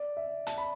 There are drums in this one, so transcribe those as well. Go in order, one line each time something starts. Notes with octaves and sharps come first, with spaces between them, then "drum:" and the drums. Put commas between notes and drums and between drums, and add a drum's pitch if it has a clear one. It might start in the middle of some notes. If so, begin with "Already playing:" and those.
Already playing: D5
E5
A5, drum: hi-hat
B5